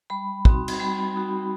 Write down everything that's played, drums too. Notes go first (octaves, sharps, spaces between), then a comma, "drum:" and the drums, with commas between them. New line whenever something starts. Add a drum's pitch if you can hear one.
G3 B5
C4 D#4 F#4, drum: kick
drum: cymbal
G3 B5
C4 D#4 F#4